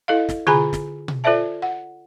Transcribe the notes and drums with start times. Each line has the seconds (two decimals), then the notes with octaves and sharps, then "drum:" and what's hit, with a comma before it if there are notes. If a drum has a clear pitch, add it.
0.08 E4 A4 D#5 F5
0.29 drum: snare
0.47 D3 F4 G#4 G#5 A#5 B5, drum: tom B2
0.73 drum: snare
1.08 drum: tom B2
1.24 F4 A4 C5 D5 E5 A5
1.62 F#5